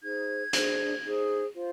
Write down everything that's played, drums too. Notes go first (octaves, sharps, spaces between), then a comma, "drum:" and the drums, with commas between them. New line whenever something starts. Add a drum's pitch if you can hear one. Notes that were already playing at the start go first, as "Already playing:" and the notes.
D#4 G#4 C5 G#6
D4 G#4 C5, drum: hi-hat
D#4 G#4 C5
F4 C5